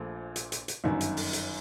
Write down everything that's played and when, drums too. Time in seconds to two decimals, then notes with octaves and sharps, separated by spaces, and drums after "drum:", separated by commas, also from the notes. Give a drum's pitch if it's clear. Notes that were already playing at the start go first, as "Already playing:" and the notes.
Already playing: A#1 A#2 F3 A3
0.36 drum: hi-hat
0.52 drum: hi-hat
0.68 drum: hi-hat
0.84 G1 F#2 D#3
1.01 drum: hi-hat
1.17 drum: open hi-hat
1.33 drum: hi-hat